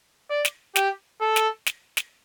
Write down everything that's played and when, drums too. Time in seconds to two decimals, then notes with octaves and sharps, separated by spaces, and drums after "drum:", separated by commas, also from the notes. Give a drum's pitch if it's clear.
0.30 D5
0.45 drum: snare
0.76 G4, drum: snare
1.21 A4
1.36 drum: snare
1.66 drum: snare
1.97 drum: snare